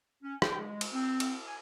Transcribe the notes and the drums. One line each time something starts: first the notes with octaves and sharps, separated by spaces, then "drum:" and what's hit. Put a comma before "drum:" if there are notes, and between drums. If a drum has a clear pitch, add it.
C#4
G5, drum: rim click
G#3
drum: cymbal
C4
drum: cymbal
G#5